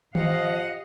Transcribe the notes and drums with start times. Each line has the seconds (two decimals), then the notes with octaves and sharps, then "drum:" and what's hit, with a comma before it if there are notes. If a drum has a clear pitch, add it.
0.15 F3 G4 D#5 F5 F#5, drum: tom D#3